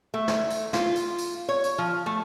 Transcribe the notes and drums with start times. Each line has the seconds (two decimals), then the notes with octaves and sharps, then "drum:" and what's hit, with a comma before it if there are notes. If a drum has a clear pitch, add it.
0.14 A3
0.28 drum: snare
0.50 drum: tambourine
0.73 F4, drum: snare
0.96 drum: tambourine
1.18 drum: tambourine
1.49 C#5
1.64 drum: tambourine
1.78 F3
2.06 A3